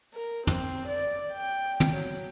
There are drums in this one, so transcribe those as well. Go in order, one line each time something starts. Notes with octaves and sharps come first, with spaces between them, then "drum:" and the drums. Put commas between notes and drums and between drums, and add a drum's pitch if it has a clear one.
A#4
C4, drum: tom
D5
G5
drum: tom
F#3